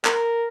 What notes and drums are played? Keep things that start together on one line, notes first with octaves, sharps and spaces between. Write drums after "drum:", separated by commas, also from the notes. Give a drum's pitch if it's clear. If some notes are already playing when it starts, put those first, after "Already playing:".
A#4, drum: clap